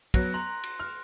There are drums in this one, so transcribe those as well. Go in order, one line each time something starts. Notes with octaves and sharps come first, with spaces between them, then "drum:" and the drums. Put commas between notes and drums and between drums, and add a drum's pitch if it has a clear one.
F#3 B3 F#6 A#6, drum: kick, cymbal
A#5 C6
drum: cymbal
F6